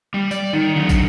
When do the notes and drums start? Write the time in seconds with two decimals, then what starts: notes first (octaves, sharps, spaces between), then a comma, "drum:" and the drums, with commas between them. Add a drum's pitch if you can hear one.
0.14 G3
0.31 D5, drum: tambourine
0.53 D#3
0.76 D3 F#3
0.89 drum: kick, tambourine